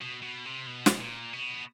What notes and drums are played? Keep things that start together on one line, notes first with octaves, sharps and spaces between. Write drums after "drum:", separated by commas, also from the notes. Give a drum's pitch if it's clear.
B2
B2
C3
B2
drum: snare
A#2
B2